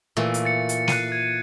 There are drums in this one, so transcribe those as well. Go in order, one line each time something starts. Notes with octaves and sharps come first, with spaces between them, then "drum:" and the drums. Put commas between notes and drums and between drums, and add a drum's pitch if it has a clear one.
A#2 E3 A3
drum: hi-hat
A6 C#7
drum: hi-hat
F#6 C7 D#7, drum: snare
G#6